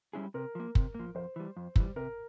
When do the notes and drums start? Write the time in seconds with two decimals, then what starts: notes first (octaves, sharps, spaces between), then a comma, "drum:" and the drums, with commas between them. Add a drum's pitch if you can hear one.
0.13 G3 C#4 E4 G#4
0.34 C3 A#4
0.55 F3 A#3
0.75 C3, drum: kick
0.95 F3 A#3
1.15 F2 C5
1.36 E3 G3
1.57 F2
1.76 E3 G3, drum: kick
1.96 C3 A#4